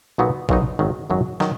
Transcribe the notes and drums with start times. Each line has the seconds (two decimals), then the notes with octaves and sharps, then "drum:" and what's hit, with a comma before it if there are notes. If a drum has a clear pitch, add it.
0.18 B1 A#2 F#3 B3 D#4
0.49 B1 A#2 F#3 B3 D#4, drum: kick A1
0.79 G#1 F#2 D#3 F#3
1.10 G#1 F#2 D#3 F#3
1.40 D#3 F#3, drum: snare